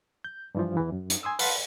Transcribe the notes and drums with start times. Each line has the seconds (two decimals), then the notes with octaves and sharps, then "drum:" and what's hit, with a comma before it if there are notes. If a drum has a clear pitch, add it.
0.24 G6
0.55 G2 E3 F3
0.77 E2 E3
0.92 F#2
1.10 drum: hi-hat
1.23 G#5 C6 D#6 E6
1.39 B4 F5 F#5 A5 B5 C6, drum: open hi-hat